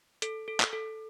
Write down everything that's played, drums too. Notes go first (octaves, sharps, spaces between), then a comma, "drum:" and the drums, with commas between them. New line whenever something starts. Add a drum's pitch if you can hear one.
A4, drum: hi-hat
A4
drum: clap
A4